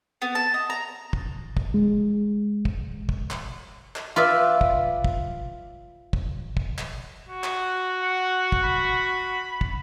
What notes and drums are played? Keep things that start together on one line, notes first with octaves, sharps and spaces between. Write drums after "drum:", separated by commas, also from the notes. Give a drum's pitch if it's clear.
B3
A5
D#5
A#5
drum: kick
drum: kick
G#3
drum: kick
drum: kick
drum: clap
drum: clap
F4 B4 D5 E5
drum: kick
drum: kick
drum: kick
drum: kick
drum: clap
F#4
drum: clap
F#5
drum: kick
B5
drum: kick